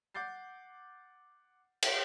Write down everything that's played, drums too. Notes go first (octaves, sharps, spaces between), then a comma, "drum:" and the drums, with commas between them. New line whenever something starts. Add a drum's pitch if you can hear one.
F#5 D6 G6 A6 C7
drum: cymbal